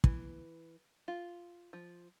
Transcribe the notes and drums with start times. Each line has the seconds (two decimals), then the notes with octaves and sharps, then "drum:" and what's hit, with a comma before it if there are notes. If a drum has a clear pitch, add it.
0.04 E3, drum: kick
1.08 F4
1.73 F3